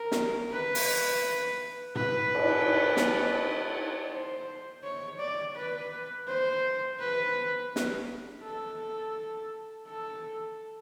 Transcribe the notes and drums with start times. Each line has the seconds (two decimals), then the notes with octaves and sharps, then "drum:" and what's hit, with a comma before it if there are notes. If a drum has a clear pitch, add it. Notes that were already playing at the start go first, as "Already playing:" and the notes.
Already playing: A#4
0.12 drum: snare
0.51 B4
0.75 drum: open hi-hat
1.95 B4, drum: tom G#2
2.35 drum: cymbal
2.97 drum: snare
4.11 C5
4.84 C#5
5.19 D5
5.55 B4
6.27 C5
6.99 B4
7.76 drum: snare
8.44 A4
9.87 A4